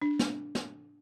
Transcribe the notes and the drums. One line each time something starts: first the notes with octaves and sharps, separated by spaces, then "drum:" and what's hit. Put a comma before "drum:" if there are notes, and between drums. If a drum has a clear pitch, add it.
D4
drum: snare
drum: snare